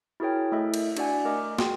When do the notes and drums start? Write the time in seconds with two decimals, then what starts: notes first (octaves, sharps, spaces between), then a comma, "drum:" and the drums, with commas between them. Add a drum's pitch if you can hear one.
0.20 E4 F#4 G#4 A#4 C#5 G5
0.52 A3 E4 A4 D#5 E5
0.74 drum: cymbal
0.97 D4 F#4 D5 F#5 G#5, drum: cymbal
1.25 A3 A#4 D#5 D6
1.59 F#4 G#4 G5 C6, drum: snare